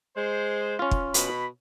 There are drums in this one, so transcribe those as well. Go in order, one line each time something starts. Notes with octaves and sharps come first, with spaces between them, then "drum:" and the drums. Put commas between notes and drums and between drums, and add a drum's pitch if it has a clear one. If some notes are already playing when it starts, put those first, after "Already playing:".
G#3 C5
C#4 F4
drum: kick
B2 B5, drum: hi-hat